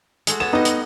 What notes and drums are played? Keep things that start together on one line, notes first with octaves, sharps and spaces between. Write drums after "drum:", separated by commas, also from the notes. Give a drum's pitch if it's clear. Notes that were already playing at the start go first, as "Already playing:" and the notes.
G#3 A3 F#4, drum: hi-hat
B3 C#5 A5 E7
G3 B3 D#4 D#5
D#5, drum: hi-hat